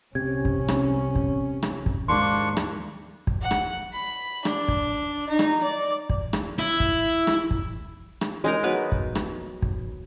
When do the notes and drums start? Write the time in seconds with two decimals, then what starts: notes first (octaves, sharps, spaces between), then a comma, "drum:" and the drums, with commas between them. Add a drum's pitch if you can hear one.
0.15 C2 C3 C#4 G#6
0.45 drum: kick
0.68 drum: rim click
1.15 drum: kick
1.63 drum: rim click
1.86 drum: kick
2.08 D#2 G#2 A#3 D4 C6 C#6
2.57 drum: rim click
3.27 drum: kick
3.41 F#5
3.51 drum: rim click
3.93 B5
4.45 D4, drum: rim click
4.68 drum: kick
5.29 D#4
5.39 drum: rim click
5.62 D5
6.10 drum: kick
6.33 drum: rim click
6.58 E4
6.80 drum: kick
7.27 drum: rim click
7.51 drum: kick
8.21 drum: rim click
8.44 G#3 D#4 A#4
8.63 F#3 B3 A#4 B4
8.92 drum: kick
9.15 drum: rim click
9.62 drum: kick